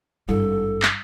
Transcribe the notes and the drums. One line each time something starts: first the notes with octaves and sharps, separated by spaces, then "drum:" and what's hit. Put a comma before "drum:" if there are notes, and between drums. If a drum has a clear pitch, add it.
G#1 G2 G3 A4
drum: clap